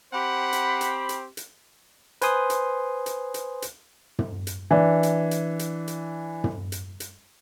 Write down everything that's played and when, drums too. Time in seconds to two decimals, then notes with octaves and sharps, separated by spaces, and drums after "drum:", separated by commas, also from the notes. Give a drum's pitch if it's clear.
0.13 C4 G4 C5 F#5 B5
0.53 drum: hi-hat
0.81 drum: hi-hat
1.09 drum: hi-hat
1.37 drum: hi-hat
2.22 B4 C5 G#5 C6 D#6, drum: hi-hat
2.50 drum: hi-hat
3.06 drum: hi-hat
3.34 drum: hi-hat
3.62 drum: hi-hat
4.19 drum: tom
4.47 drum: hi-hat
4.71 E3 D4
5.03 drum: hi-hat
5.31 drum: hi-hat
5.59 drum: hi-hat
5.88 drum: hi-hat
6.44 drum: tom
6.72 drum: hi-hat
7.00 drum: hi-hat